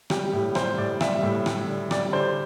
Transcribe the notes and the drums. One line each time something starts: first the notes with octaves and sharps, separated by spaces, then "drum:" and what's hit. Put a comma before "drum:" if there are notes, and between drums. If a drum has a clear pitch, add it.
G3 G4, drum: rim click
A2
G3 C5, drum: rim click
A2 D5
G3 E5, drum: rim click
A2
G3, drum: rim click
D3
G3 D5, drum: rim click
D3 C5